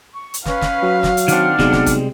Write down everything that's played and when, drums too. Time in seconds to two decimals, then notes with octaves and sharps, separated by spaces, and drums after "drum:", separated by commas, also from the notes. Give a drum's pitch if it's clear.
0.13 C#6
0.34 drum: hi-hat
0.45 C#4 B4 F5, drum: snare
0.61 drum: snare
0.83 F#3
1.03 drum: snare
1.17 drum: hi-hat
1.28 D#3 C4 D4 F#5 F6, drum: hi-hat
1.59 B1 C3 G3 G#3, drum: snare
1.73 drum: snare
1.86 drum: kick, hi-hat